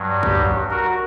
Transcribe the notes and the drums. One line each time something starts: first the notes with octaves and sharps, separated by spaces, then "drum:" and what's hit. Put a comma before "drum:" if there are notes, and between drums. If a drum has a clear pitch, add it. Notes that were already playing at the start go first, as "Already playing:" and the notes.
Already playing: G2 F#3
G4, drum: kick
F#4 A#4